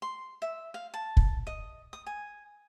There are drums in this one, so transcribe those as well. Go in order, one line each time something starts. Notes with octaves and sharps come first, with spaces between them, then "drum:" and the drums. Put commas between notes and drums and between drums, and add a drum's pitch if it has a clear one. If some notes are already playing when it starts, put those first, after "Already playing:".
C6
E5
F5
A5
drum: kick
D#5
D#6
G#5